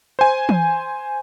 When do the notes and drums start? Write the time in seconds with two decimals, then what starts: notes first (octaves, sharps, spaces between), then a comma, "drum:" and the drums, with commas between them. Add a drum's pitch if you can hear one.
0.19 C5 G#5
0.49 drum: tom E3